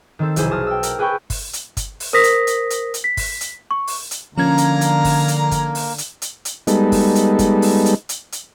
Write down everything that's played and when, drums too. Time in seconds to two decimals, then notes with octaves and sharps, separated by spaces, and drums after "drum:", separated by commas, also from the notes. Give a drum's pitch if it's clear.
0.19 D#3 C4 A4
0.36 F1 B1 E4 G#4 C5, drum: hi-hat
0.50 F#4 A5 D#6 F6
0.67 G5 E6
0.83 A#4, drum: hi-hat
0.99 G#4 B4 G5 B5 C#6 G6
1.30 drum: kick, open hi-hat
1.53 drum: hi-hat
1.77 drum: kick, hi-hat
2.00 drum: open hi-hat
2.13 A#4 C5 D#6 A#6 B6
2.24 drum: hi-hat
2.47 drum: hi-hat
2.70 drum: hi-hat
2.94 drum: hi-hat
3.04 B6
3.17 drum: kick, open hi-hat
3.41 drum: hi-hat
3.71 C#6
3.87 drum: open hi-hat
4.11 drum: hi-hat
4.38 D3 F3 A#3 C#4 F5 A#5 G#6
4.58 drum: hi-hat
4.81 drum: hi-hat
5.05 drum: kick, open hi-hat
5.28 drum: hi-hat
5.51 drum: kick, hi-hat
5.75 drum: open hi-hat
5.98 drum: hi-hat
6.22 drum: hi-hat
6.45 drum: hi-hat
6.67 G3 G#3 B3 D#4 A4, drum: hi-hat
6.92 drum: kick, open hi-hat
7.15 drum: hi-hat
7.39 drum: kick, hi-hat
7.62 drum: open hi-hat
7.86 drum: hi-hat
8.09 drum: hi-hat
8.32 drum: hi-hat